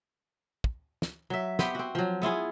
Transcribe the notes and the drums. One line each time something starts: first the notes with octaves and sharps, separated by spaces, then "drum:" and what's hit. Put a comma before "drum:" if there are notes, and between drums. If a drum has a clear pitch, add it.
drum: kick
drum: snare
F#3 E5
B3 C4 G4, drum: snare
C4 F#4
F3 F#3
B3 E4 F4 G#4